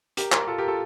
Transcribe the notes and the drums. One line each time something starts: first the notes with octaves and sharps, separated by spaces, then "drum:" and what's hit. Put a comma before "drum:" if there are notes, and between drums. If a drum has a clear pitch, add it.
G4 A#4, drum: hi-hat
G4 A#4, drum: clap
F4 A4
G4 A#4
F4 A4